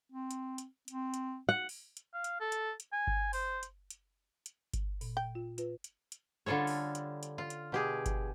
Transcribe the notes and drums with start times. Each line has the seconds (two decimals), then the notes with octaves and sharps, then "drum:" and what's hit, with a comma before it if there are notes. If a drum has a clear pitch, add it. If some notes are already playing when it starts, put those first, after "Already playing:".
0.12 C4
0.31 drum: hi-hat
0.58 drum: hi-hat
0.88 C4, drum: hi-hat
1.14 drum: hi-hat
1.49 F#5
1.69 drum: open hi-hat
1.97 drum: hi-hat
2.14 F5
2.24 drum: hi-hat
2.40 A4
2.52 drum: hi-hat
2.80 drum: hi-hat
2.92 G#5
3.07 drum: kick G1
3.33 C5, drum: open hi-hat
3.63 drum: hi-hat
3.90 drum: hi-hat
4.46 drum: hi-hat
4.74 drum: kick G1, hi-hat
5.01 A#2, drum: open hi-hat
5.17 G5
5.35 F4
5.58 F4 B4, drum: hi-hat
5.84 drum: hi-hat
6.12 drum: hi-hat
6.46 D3 G3 F4 A4 C#5
6.67 drum: open hi-hat
6.95 drum: hi-hat
7.23 drum: hi-hat
7.38 F4
7.50 drum: hi-hat
7.72 B2 G4 G#4
8.06 drum: kick G1, hi-hat